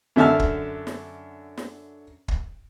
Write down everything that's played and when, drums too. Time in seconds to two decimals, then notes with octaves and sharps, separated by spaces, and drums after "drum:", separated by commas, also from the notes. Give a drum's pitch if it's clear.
0.16 F#2 D3 E5 A5 F6
0.40 drum: kick
0.87 drum: snare
1.57 drum: snare
2.28 drum: kick